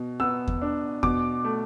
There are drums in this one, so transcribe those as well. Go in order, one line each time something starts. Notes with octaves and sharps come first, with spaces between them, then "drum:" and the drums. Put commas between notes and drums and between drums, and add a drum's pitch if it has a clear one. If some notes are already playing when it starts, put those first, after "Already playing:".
Already playing: B2
B3 E6
drum: kick E2
D4
B2 D6, drum: kick E2
A3